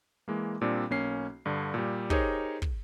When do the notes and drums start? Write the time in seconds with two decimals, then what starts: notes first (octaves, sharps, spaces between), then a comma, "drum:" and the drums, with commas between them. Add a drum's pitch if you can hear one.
0.28 E3 G#3 A#3
0.61 A#2 G3 C4 D4
0.90 B1 A#3 C#4 C7
1.46 G2 D3
1.74 A#2 G3
2.10 D#4 G4 G#4 A#4 C5 C#5, drum: kick
2.62 drum: kick